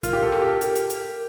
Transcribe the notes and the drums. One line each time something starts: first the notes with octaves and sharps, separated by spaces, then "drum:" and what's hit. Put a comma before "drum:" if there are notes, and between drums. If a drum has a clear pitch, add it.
F4 A#4, drum: kick, hi-hat
G4
A4
drum: rim click
G4
A#4, drum: hi-hat
drum: hi-hat
drum: hi-hat